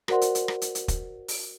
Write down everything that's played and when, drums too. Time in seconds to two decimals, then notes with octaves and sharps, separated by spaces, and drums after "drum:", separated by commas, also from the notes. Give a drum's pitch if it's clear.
0.08 F#4 A#4 C5 D5 F#5 C6, drum: rim click
0.21 drum: hi-hat
0.35 drum: hi-hat
0.48 drum: rim click
0.62 drum: hi-hat
0.75 drum: hi-hat
0.88 drum: kick, hi-hat
1.28 drum: open hi-hat